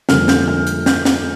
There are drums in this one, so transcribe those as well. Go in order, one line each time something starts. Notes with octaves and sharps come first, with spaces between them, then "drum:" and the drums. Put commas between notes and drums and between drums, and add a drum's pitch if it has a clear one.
F2 D3 G3 A#3 F6, drum: snare
G6, drum: snare
F6
drum: hi-hat
G6, drum: snare
drum: snare